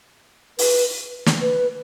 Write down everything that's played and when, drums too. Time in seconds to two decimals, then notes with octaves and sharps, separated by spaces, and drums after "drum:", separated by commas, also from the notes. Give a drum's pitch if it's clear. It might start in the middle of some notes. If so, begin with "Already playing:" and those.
0.59 B4, drum: open hi-hat
1.26 drum: snare
1.41 B4